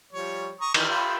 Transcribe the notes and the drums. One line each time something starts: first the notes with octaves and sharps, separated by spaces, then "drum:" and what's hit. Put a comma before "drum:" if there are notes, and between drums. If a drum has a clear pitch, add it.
F3 G3 C#5
A#5 C#6 D#6
D#3 E3, drum: cymbal
F4 G4 B5